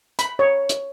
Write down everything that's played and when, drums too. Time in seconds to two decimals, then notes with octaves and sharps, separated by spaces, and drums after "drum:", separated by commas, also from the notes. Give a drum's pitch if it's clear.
0.19 B5, drum: hi-hat
0.39 C#5
0.69 drum: hi-hat